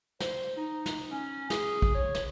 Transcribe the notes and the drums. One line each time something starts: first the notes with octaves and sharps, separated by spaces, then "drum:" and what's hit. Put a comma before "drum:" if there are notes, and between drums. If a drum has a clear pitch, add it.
C5, drum: snare
D#4
drum: snare
C#4
G#4, drum: snare
drum: kick
C#5
drum: snare